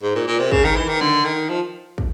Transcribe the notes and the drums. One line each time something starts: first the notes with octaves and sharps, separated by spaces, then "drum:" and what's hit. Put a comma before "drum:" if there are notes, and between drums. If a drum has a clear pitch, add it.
G#2
A#2
A#2
C3
C#3, drum: kick
D#3
E3
D#3
D3, drum: tom
D#3
F3
drum: kick